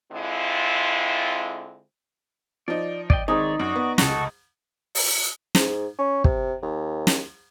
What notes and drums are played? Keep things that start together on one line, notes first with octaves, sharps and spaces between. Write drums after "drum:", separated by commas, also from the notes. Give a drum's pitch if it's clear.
D3 G#3 C4 E4 F4
F3 D#4 D5
D5 D#5 G5, drum: kick
D#3 G#3 C4 D#4 C#5 D5
F#2 F#4 D5
B3
F1 C#2 F#4 A4, drum: snare
drum: open hi-hat
G#2, drum: snare
C#4
C3, drum: kick
D#2
drum: snare